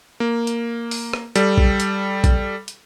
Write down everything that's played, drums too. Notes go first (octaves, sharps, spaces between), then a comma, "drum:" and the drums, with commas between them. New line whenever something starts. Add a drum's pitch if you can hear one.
A#3
drum: hi-hat
drum: open hi-hat
drum: rim click
G3 A4, drum: hi-hat
drum: kick
drum: hi-hat
drum: kick, hi-hat
drum: hi-hat